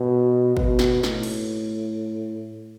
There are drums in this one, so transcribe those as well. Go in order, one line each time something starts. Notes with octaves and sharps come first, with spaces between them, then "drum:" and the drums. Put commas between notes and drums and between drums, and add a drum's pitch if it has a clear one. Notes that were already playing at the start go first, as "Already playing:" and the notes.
Already playing: B2
B2, drum: kick
drum: snare
A2, drum: snare
drum: cymbal